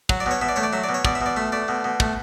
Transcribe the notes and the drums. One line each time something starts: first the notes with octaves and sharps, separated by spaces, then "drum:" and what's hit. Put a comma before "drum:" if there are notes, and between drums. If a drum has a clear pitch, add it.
F#3, drum: kick
D5
B2 C#5
B2 E5
D5
A3 C#5
D5
F#3 E5
D5
B2
C#5
B2 D5, drum: kick
E5
B2
D5
A3 E5
A3 D5
B2
B2
A3, drum: kick